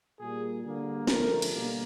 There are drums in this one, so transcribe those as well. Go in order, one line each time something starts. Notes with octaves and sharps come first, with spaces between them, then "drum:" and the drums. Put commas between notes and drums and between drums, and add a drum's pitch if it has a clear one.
A#2 G3 A#3 G#4
D3 G3 A#3
D3 F3 A3 A#4, drum: snare
drum: cymbal
B2 G3 A#3